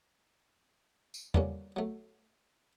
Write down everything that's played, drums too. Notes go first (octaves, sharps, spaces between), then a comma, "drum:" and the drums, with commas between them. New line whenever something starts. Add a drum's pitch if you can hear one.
drum: tambourine
D3 F3 G3 A#3 C#4, drum: tom E2
F#3 A3